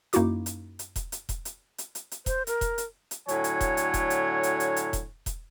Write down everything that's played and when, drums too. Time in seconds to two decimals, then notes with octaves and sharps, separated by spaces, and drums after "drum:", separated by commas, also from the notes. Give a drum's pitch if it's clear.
0.13 F#2 A#3 D#4 E4 F#4 D6, drum: hi-hat
0.46 drum: hi-hat
0.79 drum: hi-hat
0.96 drum: kick E1, hi-hat
1.12 drum: hi-hat
1.29 drum: kick E1, hi-hat
1.45 drum: hi-hat
1.78 drum: hi-hat
1.95 drum: hi-hat
2.11 drum: hi-hat
2.26 C5, drum: kick E1, hi-hat
2.47 A#4, drum: hi-hat
2.61 drum: kick E1, hi-hat
2.78 drum: hi-hat
3.11 drum: hi-hat
3.28 A2 D3 F#3 C#5 G#5, drum: hi-hat
3.44 drum: hi-hat
3.61 drum: kick E1, hi-hat
3.77 drum: hi-hat
3.94 drum: kick E1, hi-hat
4.10 drum: hi-hat
4.43 drum: hi-hat
4.60 drum: hi-hat
4.76 drum: hi-hat
4.93 drum: kick E1, hi-hat
5.26 drum: kick E1, hi-hat